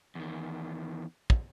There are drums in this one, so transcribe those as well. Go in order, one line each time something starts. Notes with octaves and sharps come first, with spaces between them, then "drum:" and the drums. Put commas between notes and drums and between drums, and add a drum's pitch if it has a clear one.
E2 D#3
drum: kick